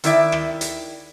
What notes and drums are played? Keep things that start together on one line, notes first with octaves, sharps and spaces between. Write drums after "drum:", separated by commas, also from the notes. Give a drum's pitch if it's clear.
D#3 E4 D5 E5, drum: hi-hat
drum: rim click
drum: hi-hat